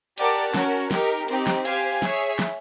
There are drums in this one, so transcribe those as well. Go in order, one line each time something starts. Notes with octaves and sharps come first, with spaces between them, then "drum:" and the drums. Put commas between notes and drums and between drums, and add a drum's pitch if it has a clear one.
G4 A#4 D5 F#5 A5, drum: cymbal
C#4 F#4 A#4, drum: snare
D#4 G4 A#4, drum: snare
C4 D#4 G4, drum: cymbal
drum: snare
G4 C5 F5 G#5, drum: cymbal
G#4 C#5 E5, drum: snare
drum: snare